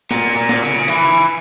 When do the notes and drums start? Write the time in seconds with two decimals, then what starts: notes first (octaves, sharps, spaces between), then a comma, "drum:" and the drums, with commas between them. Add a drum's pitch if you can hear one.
0.11 A#2, drum: snare
0.36 A#2
0.49 drum: snare
0.62 C#3
0.88 E3, drum: hi-hat